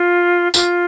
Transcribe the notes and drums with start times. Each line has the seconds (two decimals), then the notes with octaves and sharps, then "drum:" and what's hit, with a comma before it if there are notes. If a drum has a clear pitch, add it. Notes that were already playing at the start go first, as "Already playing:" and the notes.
Already playing: F4
0.54 F4, drum: tambourine